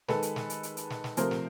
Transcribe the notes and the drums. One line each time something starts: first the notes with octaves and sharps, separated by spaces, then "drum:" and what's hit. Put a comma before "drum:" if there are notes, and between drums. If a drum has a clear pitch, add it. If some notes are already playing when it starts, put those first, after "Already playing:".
D#3 G#3 A4 B4, drum: snare
drum: hi-hat
drum: snare
drum: hi-hat
drum: hi-hat
drum: hi-hat
drum: snare
drum: snare
C3 F3 A3 A#4 C5, drum: hi-hat
drum: snare